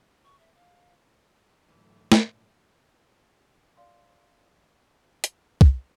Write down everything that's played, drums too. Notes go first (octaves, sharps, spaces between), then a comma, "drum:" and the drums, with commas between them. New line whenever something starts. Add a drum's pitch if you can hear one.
C#6
E5
F5
G#2 D3 E3 F#3 A3
A#2 D3, drum: snare
D5 F5 C6
drum: hi-hat
drum: kick